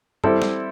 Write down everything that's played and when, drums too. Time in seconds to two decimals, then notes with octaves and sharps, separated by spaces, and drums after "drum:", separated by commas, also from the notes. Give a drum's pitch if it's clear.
0.24 G3 C4 E4 A4, drum: tom
0.42 drum: snare